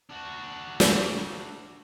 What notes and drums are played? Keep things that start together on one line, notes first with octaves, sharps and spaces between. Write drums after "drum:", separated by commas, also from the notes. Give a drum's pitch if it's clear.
D4 F#4
drum: snare